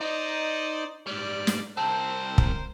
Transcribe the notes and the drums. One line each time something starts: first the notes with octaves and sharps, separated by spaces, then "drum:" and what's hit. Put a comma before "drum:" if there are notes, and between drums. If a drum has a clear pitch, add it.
D#4 C5 D5 D#5
G#2 G3 D5
drum: snare
C2 C4 A#4 C5 A5
drum: kick